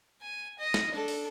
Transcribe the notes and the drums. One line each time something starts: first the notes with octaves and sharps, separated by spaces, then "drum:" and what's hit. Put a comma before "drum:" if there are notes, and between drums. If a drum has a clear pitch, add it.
G#5
D#5
drum: snare
D4 A4
drum: open hi-hat